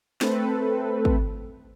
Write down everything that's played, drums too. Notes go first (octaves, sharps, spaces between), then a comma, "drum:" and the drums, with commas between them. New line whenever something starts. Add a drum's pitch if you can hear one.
A3 C4 A4 B4, drum: snare
drum: kick